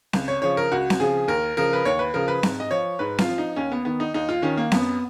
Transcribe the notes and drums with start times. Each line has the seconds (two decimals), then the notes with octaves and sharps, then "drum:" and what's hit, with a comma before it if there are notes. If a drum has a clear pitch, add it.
0.13 C#2, drum: snare C4
0.28 C#5
0.42 C#3 F3 C#5
0.57 A#4
0.72 C#2 F#4
0.90 drum: snare C4
1.00 C#3 F3 G#4
1.28 D#2 A#4
1.57 C#3 F3 A#4
1.73 B4
1.85 D#2 C#5
1.99 B4
2.14 C#3 F3 A#4
2.28 B4
2.43 G#2, drum: snare C4
2.60 D#5
2.71 F3 C#5
2.99 G#2 B4
3.18 F4, drum: snare C4
3.29 F3
3.38 D#4
3.56 D#2 C#4
3.72 B3
3.85 D#3 B3
4.00 D#4
4.14 D#2 D#4
4.29 F4
4.42 D#3 C#4
4.58 A#3
4.72 F#2 B3, drum: snare C4